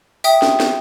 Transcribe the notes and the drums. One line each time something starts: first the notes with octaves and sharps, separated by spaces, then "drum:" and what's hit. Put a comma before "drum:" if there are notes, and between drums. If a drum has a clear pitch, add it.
E5 G5 D#6, drum: open hi-hat
drum: snare
drum: snare